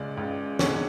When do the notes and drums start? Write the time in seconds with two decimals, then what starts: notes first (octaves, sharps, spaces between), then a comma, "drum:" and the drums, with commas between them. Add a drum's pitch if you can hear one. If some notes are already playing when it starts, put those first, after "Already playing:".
Already playing: C#2 C#3 G#3 D5
0.17 C#2 C#3 G#3
0.59 E2 D3 G#3 C#5, drum: snare